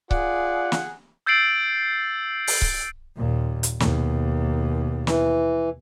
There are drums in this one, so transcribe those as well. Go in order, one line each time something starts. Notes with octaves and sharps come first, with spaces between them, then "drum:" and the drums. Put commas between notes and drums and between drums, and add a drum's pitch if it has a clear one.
F4 G#4 D5 F#5, drum: kick C#1
drum: snare
E6 G6 A6 C7 D7 F#7
drum: open hi-hat
drum: kick C#1
D#2 A#2
drum: hi-hat
D#2 B2, drum: snare
E3, drum: snare